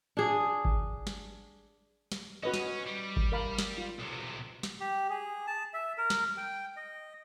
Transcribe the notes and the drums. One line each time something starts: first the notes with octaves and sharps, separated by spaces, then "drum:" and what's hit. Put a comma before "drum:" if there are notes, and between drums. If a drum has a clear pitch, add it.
D4 G#4
drum: kick G#1
drum: snare
drum: snare
C#4 F#4 B4 D#5
drum: snare
G3
drum: kick G#1
A#4 F5 B5
drum: snare
F4
B1 C3
drum: snare
G4
G#4
A5
E5
A#4
drum: snare
G5
D#5